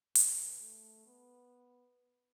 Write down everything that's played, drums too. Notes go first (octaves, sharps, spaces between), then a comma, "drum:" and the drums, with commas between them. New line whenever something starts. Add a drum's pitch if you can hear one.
B2, drum: hi-hat
A3
B3